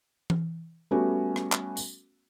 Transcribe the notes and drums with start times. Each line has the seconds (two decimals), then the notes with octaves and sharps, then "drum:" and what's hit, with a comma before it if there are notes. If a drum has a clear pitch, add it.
0.30 drum: tom E3
0.91 G3 A3 B3 C#4 F#4
1.36 drum: rim click
1.52 drum: clap
1.77 drum: tambourine